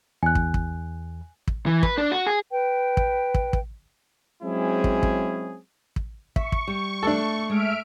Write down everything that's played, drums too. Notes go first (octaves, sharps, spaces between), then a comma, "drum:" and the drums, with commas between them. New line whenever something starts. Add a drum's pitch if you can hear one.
E2 G#5 F#6
drum: kick
drum: kick
drum: kick
E3
B4, drum: kick
D4
F#4
G#4
B4 G5
drum: kick
drum: kick
drum: kick
F#3 G#3 C4 C#4 E4 G#4
drum: kick
drum: kick
drum: kick
E5 C#6, drum: kick
drum: kick
G3
A3 D4 A4
G#3 E5 F6 D7